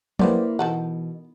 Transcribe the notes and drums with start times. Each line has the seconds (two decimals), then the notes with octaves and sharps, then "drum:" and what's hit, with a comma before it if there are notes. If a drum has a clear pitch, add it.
0.19 C#3 A#3 B3 E4 G4 B4 C5 D5, drum: tom F3
0.59 B2 D#3 E3 A4 F#5